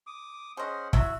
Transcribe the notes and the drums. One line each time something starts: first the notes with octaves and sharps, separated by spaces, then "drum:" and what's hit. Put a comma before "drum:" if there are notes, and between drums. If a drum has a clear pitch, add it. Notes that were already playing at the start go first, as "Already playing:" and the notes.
D6 D#6
C#4 G#4 C5 D#5 F#5
F#3 E4 F#4 E5, drum: kick